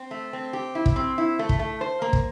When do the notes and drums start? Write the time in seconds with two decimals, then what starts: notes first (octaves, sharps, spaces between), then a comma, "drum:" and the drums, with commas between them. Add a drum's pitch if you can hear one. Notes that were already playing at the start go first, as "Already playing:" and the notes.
Already playing: C4
0.11 A3
0.33 C4
0.53 G4
0.75 E4
0.86 drum: kick
0.96 C4
1.18 E4
1.39 A3
1.49 drum: kick
1.59 A3
1.81 C5
2.02 A#3
2.13 drum: kick